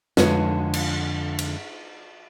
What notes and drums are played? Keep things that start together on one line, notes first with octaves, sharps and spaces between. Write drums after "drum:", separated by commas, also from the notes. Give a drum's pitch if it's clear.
F2 D3 G#3 B4 C#5, drum: snare
drum: cymbal
drum: cymbal